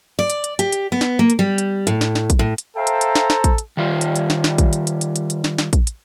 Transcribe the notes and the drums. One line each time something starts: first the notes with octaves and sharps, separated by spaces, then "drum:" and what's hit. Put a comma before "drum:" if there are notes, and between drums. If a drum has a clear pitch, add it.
D5
drum: hi-hat
drum: hi-hat
G4, drum: hi-hat
drum: hi-hat
B3
drum: snare
A#3
drum: hi-hat
G3
drum: hi-hat
A2, drum: hi-hat
drum: snare
drum: snare
drum: kick, hi-hat
A2
drum: hi-hat
A4 C5 E5 F5 G5 A#5
drum: hi-hat
drum: hi-hat
drum: snare
drum: snare
drum: kick, hi-hat
drum: hi-hat
D#3 G3 F4
drum: hi-hat
drum: hi-hat
drum: snare
drum: snare
drum: kick, hi-hat
drum: hi-hat
drum: hi-hat
drum: hi-hat
drum: hi-hat
drum: hi-hat
drum: snare
drum: snare
drum: kick, hi-hat
drum: hi-hat